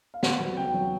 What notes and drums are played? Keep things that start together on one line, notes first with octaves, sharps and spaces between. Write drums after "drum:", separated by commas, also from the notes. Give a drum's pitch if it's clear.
F5
B3 F#5, drum: snare
F#3
C#3 G5
F#3